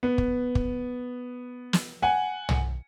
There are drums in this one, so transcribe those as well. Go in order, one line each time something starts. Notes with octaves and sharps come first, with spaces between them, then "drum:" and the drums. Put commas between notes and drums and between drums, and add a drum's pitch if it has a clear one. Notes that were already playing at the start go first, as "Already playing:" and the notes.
B3
drum: kick
drum: kick
drum: snare
F#5 G#5
drum: tom